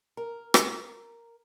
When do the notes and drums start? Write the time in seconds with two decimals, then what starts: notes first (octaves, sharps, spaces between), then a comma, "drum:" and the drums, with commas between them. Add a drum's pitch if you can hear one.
0.17 A#4
0.54 drum: rim click